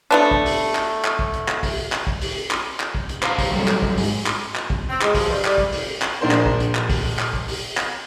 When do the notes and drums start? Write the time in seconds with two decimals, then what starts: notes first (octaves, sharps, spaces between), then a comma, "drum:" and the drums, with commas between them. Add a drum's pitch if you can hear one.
0.11 A3 B3 D4
0.31 drum: kick
0.46 drum: open hi-hat
0.75 drum: clap
1.04 drum: clap
1.19 drum: kick
1.34 drum: hi-hat
1.48 drum: clap
1.63 drum: kick, open hi-hat
1.92 drum: clap
2.07 drum: kick
2.21 drum: open hi-hat
2.51 drum: clap
2.80 drum: clap
2.95 drum: kick
3.09 drum: hi-hat
3.22 C5 F5 A#5, drum: clap
3.38 drum: kick, open hi-hat
3.51 F#3 G3 A4
3.68 drum: clap
3.82 drum: kick
3.97 G#2, drum: open hi-hat
4.26 drum: clap
4.55 drum: clap
4.70 drum: kick
4.89 C4
5.01 G#3, drum: clap
5.15 F3, drum: kick, open hi-hat
5.29 G2
5.45 G3, drum: clap
5.58 drum: kick
5.72 drum: open hi-hat
6.02 drum: clap
6.21 A#1 D4 A#4 C5
6.31 drum: clap
6.46 drum: kick
6.60 drum: hi-hat
6.75 drum: clap
6.89 drum: kick, open hi-hat
7.19 drum: clap
7.33 drum: kick
7.48 drum: open hi-hat
7.77 drum: clap